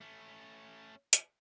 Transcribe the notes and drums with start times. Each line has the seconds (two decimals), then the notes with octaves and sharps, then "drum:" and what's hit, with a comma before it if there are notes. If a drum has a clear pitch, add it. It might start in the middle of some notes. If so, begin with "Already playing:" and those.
0.01 A3 C#4
1.13 drum: hi-hat